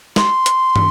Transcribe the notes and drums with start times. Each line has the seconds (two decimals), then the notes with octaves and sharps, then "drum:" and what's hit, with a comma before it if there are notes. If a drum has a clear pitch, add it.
0.16 C6, drum: snare
0.46 drum: hi-hat
0.76 drum: tom